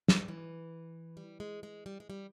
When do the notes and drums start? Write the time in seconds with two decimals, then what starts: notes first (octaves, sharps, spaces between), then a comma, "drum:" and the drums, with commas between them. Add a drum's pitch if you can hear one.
0.08 E3, drum: snare
0.18 G3
0.28 E3
1.17 G3
1.40 G#3
1.63 G#3
1.86 G3
2.00 G#3
2.10 G3